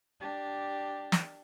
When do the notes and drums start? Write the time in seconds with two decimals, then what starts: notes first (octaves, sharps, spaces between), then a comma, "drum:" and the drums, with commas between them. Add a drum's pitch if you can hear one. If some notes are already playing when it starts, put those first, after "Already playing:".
0.21 D4 G4
1.12 drum: snare